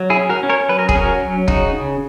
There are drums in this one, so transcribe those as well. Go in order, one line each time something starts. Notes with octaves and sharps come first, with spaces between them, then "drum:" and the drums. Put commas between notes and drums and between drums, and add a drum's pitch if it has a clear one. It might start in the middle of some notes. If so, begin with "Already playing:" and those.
Already playing: F#3
E4 G#4
C#4
F#4 A#4
C#4
A#4 C#5
F#3 B4
A#4
G#4, drum: kick
C#4 F#4 A#4
F#3
C#3 D#4 F#4, drum: kick
C#3